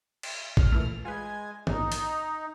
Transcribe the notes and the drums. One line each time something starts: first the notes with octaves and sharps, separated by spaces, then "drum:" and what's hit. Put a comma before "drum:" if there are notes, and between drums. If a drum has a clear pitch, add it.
drum: cymbal
F6, drum: kick A1
A#2 E3 A3
G#3 F4 B4 G#5
A#1 G#2 D#4, drum: tom
drum: hi-hat